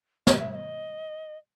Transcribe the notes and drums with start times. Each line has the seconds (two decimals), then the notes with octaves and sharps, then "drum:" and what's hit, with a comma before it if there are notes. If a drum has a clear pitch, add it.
0.27 D#5, drum: snare
0.39 E5
0.52 E5
0.55 D#5